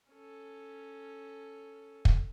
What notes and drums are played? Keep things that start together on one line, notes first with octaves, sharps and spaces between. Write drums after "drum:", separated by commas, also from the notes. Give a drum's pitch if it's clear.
C#4 A4
drum: kick